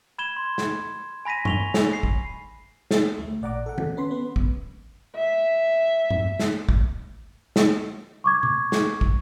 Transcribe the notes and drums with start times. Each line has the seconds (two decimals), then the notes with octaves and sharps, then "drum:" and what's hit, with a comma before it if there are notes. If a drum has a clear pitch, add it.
0.18 B5 G#6 E7 G7
0.36 C6
0.58 drum: snare
1.25 G#5 B5 A#6 B6 D#7
1.45 C#6 F7 G7, drum: tom G2
1.74 drum: snare
1.93 C7
2.03 drum: kick
2.91 drum: snare
3.18 D2 A3
3.41 A1 A#2 D5 F#5 A#5 D6
3.66 A4 F#5
3.78 drum: tom
3.97 C#4 B4 B5 C6
4.11 B3 B4
4.36 drum: kick
5.16 E5
6.10 drum: tom G2
6.39 drum: snare
6.69 drum: kick
7.56 drum: snare
8.24 C#6 D6 G#6
8.43 drum: tom C3
8.72 drum: snare
9.01 drum: kick